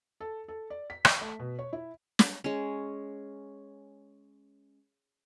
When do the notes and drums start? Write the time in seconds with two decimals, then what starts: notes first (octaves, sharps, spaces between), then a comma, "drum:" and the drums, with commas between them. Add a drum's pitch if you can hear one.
0.20 A4
0.48 A4
0.70 D5
0.90 B6
1.05 C6, drum: rim click
1.21 A3
1.39 B2
1.59 C#5
1.73 E4
2.19 drum: snare
2.44 G#3 C#4